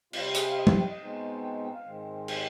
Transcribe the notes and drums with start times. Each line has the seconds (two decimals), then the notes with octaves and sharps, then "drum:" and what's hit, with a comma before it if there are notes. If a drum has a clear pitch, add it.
0.13 C3 G3 C4 F4, drum: cymbal
0.35 G#4, drum: hi-hat
0.50 F5
0.57 D#5
0.67 F5, drum: tom
0.78 G5
0.89 D#5
0.99 B2 G#3 C4 D#4
1.42 G5
1.64 G5
1.74 F5
1.85 G#2 D#3 G#3 C4
2.28 G4, drum: cymbal